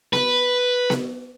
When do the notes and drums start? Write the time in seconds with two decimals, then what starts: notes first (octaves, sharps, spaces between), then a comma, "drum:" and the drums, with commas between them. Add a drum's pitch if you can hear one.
0.13 B4, drum: snare B3
0.90 drum: snare B3